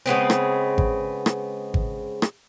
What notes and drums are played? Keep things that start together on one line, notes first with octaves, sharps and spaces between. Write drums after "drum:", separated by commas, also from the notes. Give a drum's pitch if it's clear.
C#3 G#3 B3 C4
drum: rim click
drum: kick G#1
drum: rim click
drum: kick G#1
drum: rim click